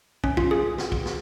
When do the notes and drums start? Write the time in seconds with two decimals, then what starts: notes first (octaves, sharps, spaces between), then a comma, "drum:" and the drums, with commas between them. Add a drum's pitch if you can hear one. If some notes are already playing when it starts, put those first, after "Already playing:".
0.24 C#4, drum: kick
0.37 F4, drum: kick
0.51 G#4
0.78 drum: snare
0.92 drum: kick
1.06 drum: snare